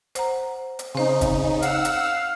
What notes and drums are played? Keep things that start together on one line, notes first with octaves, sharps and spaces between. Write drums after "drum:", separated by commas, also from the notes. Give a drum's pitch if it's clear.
C5 F#5 A#5, drum: hi-hat
drum: hi-hat
C#3 C4 D#4 C5
drum: kick, hi-hat
F5 F#5 E6, drum: hi-hat
drum: hi-hat